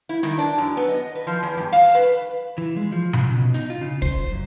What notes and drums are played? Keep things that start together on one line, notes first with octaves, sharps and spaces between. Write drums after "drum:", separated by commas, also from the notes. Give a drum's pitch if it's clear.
E4
D#3, drum: snare
D4
F#2
B3
D#5
B4
F3
E2
G2
F5, drum: open hi-hat
B4
E3
G#3
F3
C#3, drum: tom B2
B2
D#4, drum: hi-hat
F4
C#3
C5, drum: kick
F#2